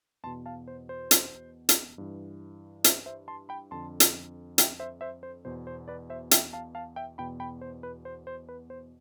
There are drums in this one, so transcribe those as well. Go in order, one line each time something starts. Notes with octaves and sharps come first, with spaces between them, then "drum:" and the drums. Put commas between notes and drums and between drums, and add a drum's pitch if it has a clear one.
E2 B2 A5 C6
F5 A5
C5
C5
drum: hi-hat
drum: hi-hat
G2 E3
C5 E5, drum: hi-hat
C5 E5
A5 C6
G5 B5
F2 D3 A5 C6
drum: hi-hat
E5 G5, drum: hi-hat
C5 E5
C5 E5
C5
E2 B2 C5
C5
B4 D5
C5 E5
E5 G5, drum: hi-hat
F5 A5
F5 A5
E5 G5
E2 B2 G5 B5
G5 B5
C5
B4
C5
C5
B4
C5